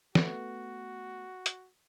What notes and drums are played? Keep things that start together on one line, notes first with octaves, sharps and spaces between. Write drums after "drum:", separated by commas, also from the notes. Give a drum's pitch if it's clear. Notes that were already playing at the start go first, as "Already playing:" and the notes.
A3 B3 F#4, drum: snare
drum: hi-hat